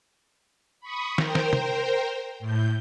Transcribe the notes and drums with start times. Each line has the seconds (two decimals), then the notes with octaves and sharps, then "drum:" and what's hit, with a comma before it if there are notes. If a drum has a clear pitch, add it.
0.80 B5 C#6 D#6
1.18 A#4 C5 G5, drum: snare
1.35 drum: snare
1.53 drum: tom C3
2.39 A2 G6